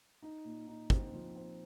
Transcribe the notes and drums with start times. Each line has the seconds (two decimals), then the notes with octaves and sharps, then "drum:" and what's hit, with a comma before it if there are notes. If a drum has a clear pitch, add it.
0.22 D#4
0.45 A#2
0.68 D#4
0.90 C4, drum: kick
1.13 F3
1.36 C4